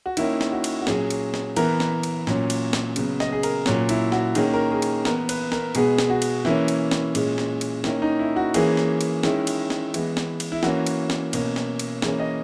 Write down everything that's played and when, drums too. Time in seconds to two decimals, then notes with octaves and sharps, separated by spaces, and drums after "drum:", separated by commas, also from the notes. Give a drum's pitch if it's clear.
0.06 F#4
0.17 D#3 A#3 C#4 E4, drum: cymbal
0.41 drum: snare
0.53 F#4
0.64 drum: cymbal
0.81 F#4
0.87 A#2 F#3 C#4 G#4, drum: snare
1.10 drum: cymbal
1.34 drum: snare
1.56 E3 B3 A#4, drum: cymbal
1.80 drum: snare
2.03 drum: cymbal
2.27 A#2 F#3 C#4, drum: snare
2.50 drum: cymbal
2.73 drum: snare
2.96 C#3 F#3 B3, drum: cymbal
3.20 D#5, drum: snare
3.32 G#4
3.43 A#4, drum: cymbal
3.66 A#2 F#3 C#4, drum: snare
3.89 E4, drum: cymbal
4.12 F#4, drum: snare
4.35 D#3 A#3 C#4 G#4, drum: cymbal
4.53 A#4
4.71 G#4
4.82 drum: cymbal
5.05 E3 B3 A#4, drum: snare
5.29 B4, drum: cymbal
5.52 A#4, drum: snare
5.75 B2 G#3 B3 G#4, drum: cymbal
5.98 drum: snare
6.10 F#4
6.22 drum: cymbal
6.45 E3 A#3 C#4 E4, drum: snare
6.68 drum: cymbal
6.91 drum: snare
7.15 A#2 G#3 C#4, drum: cymbal
7.38 drum: snare
7.61 drum: cymbal
7.84 D#3 A#3 C#4 E4, drum: snare
8.02 D#4
8.19 E4
8.36 F#4
8.54 E3 A#3 C#4 G#4, drum: cymbal
8.77 drum: snare
9.01 drum: cymbal
9.23 D#3 G#3 C#4 E4, drum: snare
9.47 drum: cymbal
9.70 drum: snare
9.94 E3 G#3 B3, drum: cymbal
10.17 drum: snare
10.40 drum: cymbal
10.52 E4
10.63 E3 A#3 C#4 F#4, drum: snare
10.86 drum: cymbal
11.10 drum: snare
11.33 B2 A#3 C#4, drum: cymbal
11.56 drum: snare
11.79 drum: cymbal
12.02 E3 A#3 C#4 G#4, drum: snare
12.20 D#5